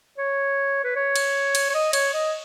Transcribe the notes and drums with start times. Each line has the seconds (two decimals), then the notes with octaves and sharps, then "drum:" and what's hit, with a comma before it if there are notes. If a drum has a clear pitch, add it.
0.18 C#5
0.84 B4
0.96 C#5
1.16 drum: cymbal
1.55 drum: cymbal
1.70 C#5
1.74 D#5
1.93 C#5, drum: cymbal
2.13 D#5